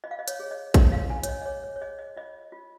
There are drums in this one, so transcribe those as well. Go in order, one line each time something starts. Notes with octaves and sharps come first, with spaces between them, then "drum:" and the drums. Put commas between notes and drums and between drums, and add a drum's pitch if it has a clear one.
F4 D#5
F5
D#5
C#5, drum: hi-hat
G#4 C#5
D#5
C#5 D#5, drum: kick, hi-hat
F5
F4 G#5
C#5, drum: hi-hat
D#5
D#5
G#4 C#5
C#5
C#5
G#4 D#5
D#5
F4 D#5
F4